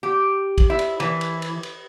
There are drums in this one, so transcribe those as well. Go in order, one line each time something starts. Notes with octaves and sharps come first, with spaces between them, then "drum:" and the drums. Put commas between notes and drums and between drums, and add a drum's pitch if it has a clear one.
G4
drum: kick, cymbal
E4
drum: cymbal
E3, drum: cymbal
drum: cymbal
drum: cymbal
drum: cymbal